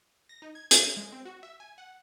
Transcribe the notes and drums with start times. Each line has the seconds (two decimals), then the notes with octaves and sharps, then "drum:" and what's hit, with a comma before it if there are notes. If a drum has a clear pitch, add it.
0.29 A#6
0.42 D#4
0.55 G#6
0.71 D4, drum: hi-hat
0.97 G#3
1.13 C4
1.25 F#4
1.43 E5
1.60 G#5
1.78 F#5